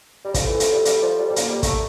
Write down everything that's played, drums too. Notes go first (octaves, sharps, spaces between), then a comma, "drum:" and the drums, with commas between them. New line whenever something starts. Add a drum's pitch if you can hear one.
G3 A#4
F3 A3 A4, drum: kick, hi-hat
E3
F3, drum: hi-hat
G3
G3, drum: hi-hat
F3
G3
G3 A4
F3 A#3 A#4, drum: hi-hat
G3
A3, drum: kick, hi-hat